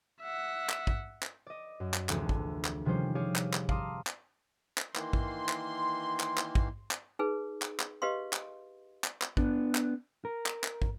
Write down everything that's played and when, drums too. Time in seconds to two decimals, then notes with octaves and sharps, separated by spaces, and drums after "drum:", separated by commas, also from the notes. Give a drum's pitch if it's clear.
0.21 E5 F#5
0.69 drum: clap
0.87 drum: kick
1.23 drum: clap
1.47 D5 D#5
1.80 F#2
1.94 drum: clap
2.09 F1 D2 E3 C4 G#4 A5, drum: clap
2.29 drum: kick
2.65 drum: clap
2.85 C3 D#3 F3 G3 C#4 C5
3.15 G4 G#4 C#5 D5 F5
3.36 drum: clap
3.54 drum: clap
3.69 F5 A5 A#5 C6 D6 D#6, drum: kick
4.07 drum: clap
4.78 drum: clap
4.96 D#3 E3 A#3 C6, drum: clap
5.13 drum: kick
5.49 drum: clap
6.20 drum: clap
6.38 drum: clap
6.55 drum: kick
6.91 drum: clap
7.19 D#4 G#4 B4
7.62 drum: clap
7.80 drum: clap
8.02 G4 B4 D#5 F5 C6
8.33 drum: clap
9.04 drum: clap
9.22 drum: clap
9.37 B3 D4, drum: kick
9.75 drum: clap
10.25 A#4
10.46 drum: clap
10.64 drum: clap
10.82 drum: kick